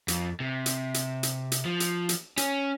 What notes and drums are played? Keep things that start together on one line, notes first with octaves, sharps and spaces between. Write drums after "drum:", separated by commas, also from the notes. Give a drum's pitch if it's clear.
F2, drum: hi-hat
C3
drum: hi-hat
drum: hi-hat
drum: hi-hat
drum: hi-hat
F3
drum: hi-hat
drum: hi-hat
C#4, drum: hi-hat